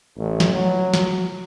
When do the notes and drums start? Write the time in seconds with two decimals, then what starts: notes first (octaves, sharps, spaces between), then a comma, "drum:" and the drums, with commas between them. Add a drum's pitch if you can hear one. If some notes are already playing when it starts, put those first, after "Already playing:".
0.17 A1
0.40 drum: snare
0.53 F#3
0.94 drum: snare